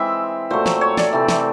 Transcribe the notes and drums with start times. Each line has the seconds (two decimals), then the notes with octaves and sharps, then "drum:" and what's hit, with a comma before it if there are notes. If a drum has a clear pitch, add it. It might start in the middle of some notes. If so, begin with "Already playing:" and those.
Already playing: E3 G#3 C4 E5
0.50 A#2 F#3 A3 C5
0.66 C5, drum: snare
0.81 C#5
0.97 D5, drum: snare
1.13 C3 E3 A3 C4
1.28 drum: snare